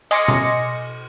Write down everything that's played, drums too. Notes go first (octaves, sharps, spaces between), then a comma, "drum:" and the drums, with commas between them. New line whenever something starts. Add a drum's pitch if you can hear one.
D#5 G#5 C6 D6 A#6 C#7, drum: cymbal
drum: tom B2